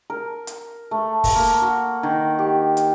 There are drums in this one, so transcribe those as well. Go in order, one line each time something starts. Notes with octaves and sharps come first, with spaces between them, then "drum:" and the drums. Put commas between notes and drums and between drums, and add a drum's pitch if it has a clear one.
A#4
drum: hi-hat
A3
drum: kick, open hi-hat
A#3
F#4
D#3
G4
drum: hi-hat